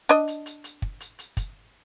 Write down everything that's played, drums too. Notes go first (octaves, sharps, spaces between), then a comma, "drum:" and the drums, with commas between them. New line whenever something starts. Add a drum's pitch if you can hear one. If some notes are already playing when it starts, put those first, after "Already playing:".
D4 D#5
drum: hi-hat
drum: hi-hat
drum: hi-hat
drum: kick
drum: hi-hat
drum: hi-hat
drum: kick, hi-hat